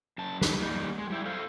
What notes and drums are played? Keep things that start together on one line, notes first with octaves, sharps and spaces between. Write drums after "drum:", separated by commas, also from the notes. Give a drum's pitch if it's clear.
F#2 A5
D#3 A4 B4, drum: snare
G3 A#3 B3 D#4 G#4
G#3
G3 E4 G4
A4 C5 F5